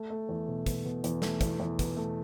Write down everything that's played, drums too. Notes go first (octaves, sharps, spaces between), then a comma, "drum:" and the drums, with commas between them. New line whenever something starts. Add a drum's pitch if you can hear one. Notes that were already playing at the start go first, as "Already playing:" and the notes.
Already playing: A3
A3
E2
B2
B2, drum: kick, hi-hat
B2
E2, drum: hi-hat
A3, drum: snare
E2, drum: kick, hi-hat
E2
B2, drum: kick, hi-hat
A3